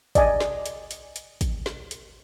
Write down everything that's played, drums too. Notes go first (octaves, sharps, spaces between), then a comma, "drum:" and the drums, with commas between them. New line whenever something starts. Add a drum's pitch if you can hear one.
D5 D#5 G#5, drum: kick, hi-hat
drum: snare
drum: hi-hat
drum: hi-hat
drum: hi-hat
drum: kick, hi-hat
drum: snare
drum: hi-hat